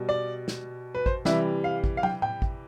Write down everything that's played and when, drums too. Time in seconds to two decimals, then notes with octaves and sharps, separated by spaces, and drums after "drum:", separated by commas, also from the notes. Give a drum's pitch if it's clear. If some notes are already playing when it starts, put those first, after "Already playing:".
Already playing: B2 G3
0.09 D5
0.48 drum: snare
0.95 B4
1.06 C5, drum: kick
1.25 C3 E3 G3 E5, drum: snare
1.64 F5
1.84 drum: kick
1.97 F5
2.03 G5, drum: tom
2.22 G5, drum: tom A2
2.42 drum: kick